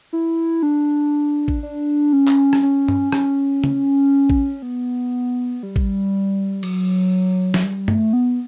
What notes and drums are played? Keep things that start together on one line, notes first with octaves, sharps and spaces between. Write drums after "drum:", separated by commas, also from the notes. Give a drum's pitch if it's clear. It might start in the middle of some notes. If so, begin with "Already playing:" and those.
E4
D4
drum: kick A1
D4
C#4
drum: clap
drum: rim click
C#4
drum: tom G2
C#4, drum: rim click
drum: tom C#3
drum: kick A1
B3
G3
drum: kick A1
F#3, drum: cymbal
drum: snare
G3
A3, drum: tom G2
B3